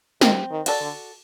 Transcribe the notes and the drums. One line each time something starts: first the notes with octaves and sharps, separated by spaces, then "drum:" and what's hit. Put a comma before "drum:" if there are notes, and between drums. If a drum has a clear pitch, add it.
D#3 C4, drum: snare
D#3
F#4 A4 D5, drum: cymbal
D3